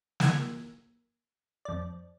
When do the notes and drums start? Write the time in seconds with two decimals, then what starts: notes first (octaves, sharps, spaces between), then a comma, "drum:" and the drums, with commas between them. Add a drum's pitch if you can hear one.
0.20 E6 F#6 G#6, drum: snare
1.65 F2 D5